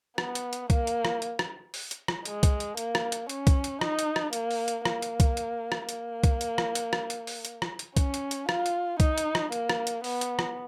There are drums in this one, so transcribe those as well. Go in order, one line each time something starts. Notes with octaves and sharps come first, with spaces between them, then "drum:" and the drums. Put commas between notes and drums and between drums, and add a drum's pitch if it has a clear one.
B3, drum: rim click
drum: hi-hat
drum: hi-hat
A#3, drum: kick C2, hi-hat
drum: hi-hat
drum: rim click
drum: hi-hat
drum: rim click
drum: open hi-hat
drum: hi-hat
drum: rim click
G#3, drum: hi-hat
drum: kick C2, hi-hat
drum: hi-hat
A#3, drum: hi-hat
drum: rim click
drum: hi-hat
C#4, drum: hi-hat
drum: kick C2, hi-hat
drum: hi-hat
D#4, drum: rim click
drum: hi-hat
drum: rim click
A#3, drum: hi-hat
drum: open hi-hat
drum: hi-hat
A#3, drum: rim click
drum: hi-hat
drum: kick C2, hi-hat
drum: hi-hat
drum: rim click
A#3, drum: hi-hat
drum: kick C2, hi-hat
drum: hi-hat
drum: rim click
drum: hi-hat
drum: rim click
drum: hi-hat
drum: open hi-hat
drum: hi-hat
drum: rim click
drum: hi-hat
C#4, drum: kick C2, hi-hat
drum: hi-hat
drum: hi-hat
F4, drum: rim click
drum: hi-hat
D#4, drum: kick C2, hi-hat
drum: hi-hat
drum: rim click
A#3, drum: hi-hat
drum: rim click
drum: hi-hat
B3, drum: open hi-hat
drum: hi-hat
drum: rim click